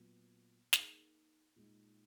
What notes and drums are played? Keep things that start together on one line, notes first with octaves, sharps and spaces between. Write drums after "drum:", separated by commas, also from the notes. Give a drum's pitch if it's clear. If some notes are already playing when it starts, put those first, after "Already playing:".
Already playing: A#2 F#3 B3
A#3 D#4 G#4, drum: snare
A#2 G#3 D#4